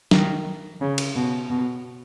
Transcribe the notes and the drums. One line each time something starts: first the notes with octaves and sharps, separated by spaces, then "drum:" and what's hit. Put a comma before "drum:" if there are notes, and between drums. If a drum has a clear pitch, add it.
D#3, drum: snare
C#3
drum: cymbal
B2
B2